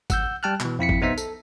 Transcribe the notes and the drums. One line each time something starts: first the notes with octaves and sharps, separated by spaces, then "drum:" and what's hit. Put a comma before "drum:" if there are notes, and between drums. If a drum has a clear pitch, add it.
F#5 E6 G6, drum: kick G#1, tambourine
G3 G5 A5 F6 F#6
B2 E3, drum: clap
F2 E4 B6 C#7
drum: kick G#1
B1 B3 D#4 C5 E5 B6
A4, drum: tambourine